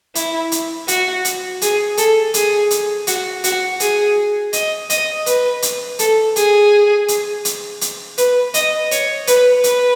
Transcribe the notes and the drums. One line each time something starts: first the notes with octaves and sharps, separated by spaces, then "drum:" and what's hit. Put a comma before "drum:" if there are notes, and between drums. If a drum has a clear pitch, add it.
E4, drum: hi-hat
drum: hi-hat
F#4, drum: hi-hat
drum: hi-hat
G#4, drum: hi-hat
A4, drum: hi-hat
G#4, drum: hi-hat
drum: hi-hat
F#4, drum: hi-hat
F#4, drum: hi-hat
G#4, drum: hi-hat
D#5, drum: hi-hat
D#5, drum: hi-hat
B4, drum: hi-hat
drum: hi-hat
A4, drum: hi-hat
G#4, drum: hi-hat
drum: hi-hat
drum: hi-hat
drum: hi-hat
B4, drum: hi-hat
D#5, drum: hi-hat
C#5, drum: hi-hat
B4, drum: hi-hat
B4, drum: hi-hat